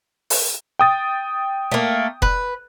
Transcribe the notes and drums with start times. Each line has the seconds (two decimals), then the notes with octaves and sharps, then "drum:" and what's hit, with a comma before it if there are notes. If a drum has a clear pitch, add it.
0.30 drum: open hi-hat
0.79 G5 D#6 A6
1.71 A3 A#3
2.22 B4, drum: kick F1